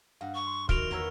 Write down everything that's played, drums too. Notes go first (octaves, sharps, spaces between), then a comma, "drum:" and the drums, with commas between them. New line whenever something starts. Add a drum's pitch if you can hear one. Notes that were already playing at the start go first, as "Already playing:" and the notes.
G2 F5 F#5
C#6
C6
D#3 F3 E4 F#4 F6 D7 F7, drum: kick
E2 A#3 B3 C#5 A#5 E6